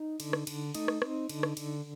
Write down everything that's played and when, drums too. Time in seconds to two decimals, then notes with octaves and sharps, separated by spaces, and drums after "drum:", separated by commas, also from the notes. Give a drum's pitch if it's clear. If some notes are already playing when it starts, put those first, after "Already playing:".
Already playing: D#4
0.20 D3, drum: cymbal
0.33 drum: rim click
0.47 D3, drum: cymbal
0.75 A3 D#4, drum: cymbal
0.88 drum: rim click
1.02 C4, drum: rim click
1.29 D3, drum: cymbal
1.43 drum: rim click
1.57 D3, drum: cymbal